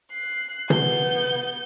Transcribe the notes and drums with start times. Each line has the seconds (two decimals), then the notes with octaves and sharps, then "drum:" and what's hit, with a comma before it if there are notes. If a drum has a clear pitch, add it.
0.12 F#6 C7
0.70 B3 G6, drum: tom